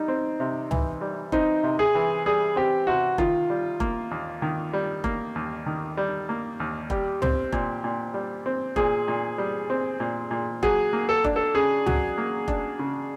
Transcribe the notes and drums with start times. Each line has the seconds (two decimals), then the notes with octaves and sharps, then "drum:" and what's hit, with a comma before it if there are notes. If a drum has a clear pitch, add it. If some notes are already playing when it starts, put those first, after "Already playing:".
Already playing: G3 D#4
0.08 C4
0.40 C3
0.71 E3, drum: tom C#2
1.01 G3
1.32 C4 D#4, drum: kick F1
1.63 C3
1.79 G#4
1.95 E3
2.26 G3 G#4
2.56 C4 G4
2.87 C3 F#4
3.18 D#3 F4, drum: kick F1
3.50 G3
3.80 A#3, drum: kick F1
4.11 D#2
4.42 D#3
4.73 G3
5.04 A#3, drum: kick F1
5.35 D#2
5.66 D#3
5.97 G3
6.29 A#3
6.60 D#2
6.90 G3 G4, drum: kick F1
7.22 C4, drum: tom C#2
7.52 A#2, drum: kick F1
7.84 A#2
8.14 G3
8.46 C4
8.76 A#2 G#4, drum: kick F1
9.08 A#2
9.38 G3
9.70 C4
10.00 A#2
10.31 A#2
10.63 F#3 G#4, drum: kick F1
10.93 A#3
11.09 A4
11.24 D4, drum: kick F1
11.36 A4
11.55 C#3 G#4
11.86 F#3, drum: tom C#2
12.18 A#3
12.48 D4, drum: kick F1
12.79 C#3